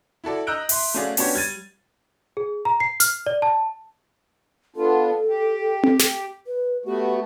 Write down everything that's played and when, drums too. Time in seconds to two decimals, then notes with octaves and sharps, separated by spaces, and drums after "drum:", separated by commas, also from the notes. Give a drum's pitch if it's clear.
0.24 E4 F#4 A4 D5
0.47 D#5 A#5 E6 F#6 G6 D7
0.69 E5 C6, drum: open hi-hat
0.94 A3 C#4 F#4 G#4 D5 F5
1.17 B3 C#4 D4 F#4 G4 C#5, drum: open hi-hat
1.34 G3 G#6 A6 D#7
2.37 G#4
2.65 A#5
2.80 C7
3.00 F6, drum: hi-hat
3.26 D5
3.42 A5
4.76 B3 D4 F4 A4
5.28 G4
5.83 drum: tom C4
5.99 drum: snare
6.47 B4
6.86 A3 B3 F#4 G4